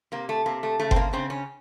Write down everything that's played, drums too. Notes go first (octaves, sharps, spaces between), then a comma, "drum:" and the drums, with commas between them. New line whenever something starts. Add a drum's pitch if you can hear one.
C3 A#3
A3
C3 A#3
A3
C#3 A3
C4, drum: kick G1
A#3
C#3 C4
C#4